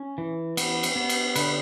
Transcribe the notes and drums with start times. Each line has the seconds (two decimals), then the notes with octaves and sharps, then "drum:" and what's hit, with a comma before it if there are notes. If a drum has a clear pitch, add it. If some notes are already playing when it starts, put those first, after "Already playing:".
Already playing: C#4
0.18 E3
0.57 B3, drum: cymbal
0.83 drum: cymbal
0.96 B3
1.09 drum: cymbal
1.36 D3 B4, drum: cymbal